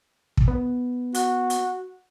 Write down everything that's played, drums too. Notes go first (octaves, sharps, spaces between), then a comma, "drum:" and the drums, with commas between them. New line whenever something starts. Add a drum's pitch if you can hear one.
drum: kick
B3
F#4, drum: hi-hat
drum: hi-hat